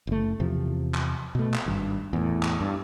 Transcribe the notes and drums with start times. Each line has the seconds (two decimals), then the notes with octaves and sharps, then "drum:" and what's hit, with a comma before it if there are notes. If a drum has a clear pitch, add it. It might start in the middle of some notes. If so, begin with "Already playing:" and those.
0.07 F#1 A3
0.40 E2 C3 F3
0.94 drum: clap
1.35 B2 A3
1.54 drum: clap
1.66 G#1 G2
2.13 E2 A2
2.43 drum: clap
2.61 G2